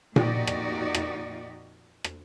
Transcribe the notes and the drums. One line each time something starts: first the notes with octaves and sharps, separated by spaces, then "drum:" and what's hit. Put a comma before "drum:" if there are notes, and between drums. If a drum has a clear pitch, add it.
F2 A#2 D#4 F#4 G4 D5, drum: tom A#2
drum: rim click
drum: rim click
drum: rim click